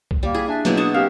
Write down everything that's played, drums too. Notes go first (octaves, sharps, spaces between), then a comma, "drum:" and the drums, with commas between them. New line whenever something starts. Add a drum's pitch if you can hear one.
drum: kick B1
G3 A#3
E4 G#4 G#6 B6
D4 E5 G#5 A6
B2 F#3 G#3 A#3 E4 G6, drum: hi-hat
D4 F#4 G#4 A5 C#6 E7
C4 G4 A#4 F5 G5